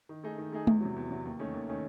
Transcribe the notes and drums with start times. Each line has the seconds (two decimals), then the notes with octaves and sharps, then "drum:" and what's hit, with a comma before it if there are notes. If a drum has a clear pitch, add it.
0.09 D#3
0.24 A3 D#4 G#4
0.38 D#3
0.52 A3 D#4 G#4
0.67 E2, drum: tom G#3
0.81 C3 F#3
0.96 E2
1.10 C3 F#3
1.25 D#2
1.39 D#3 A3 C#4
1.53 D#2
1.69 D#3 A3 C#4